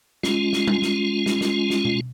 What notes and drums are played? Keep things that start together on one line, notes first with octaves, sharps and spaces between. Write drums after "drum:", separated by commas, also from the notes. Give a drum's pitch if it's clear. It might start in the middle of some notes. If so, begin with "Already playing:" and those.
G#3 C#4 F4, drum: snare
drum: snare
drum: tom G3
drum: snare
drum: snare
drum: snare
drum: snare
drum: tom B2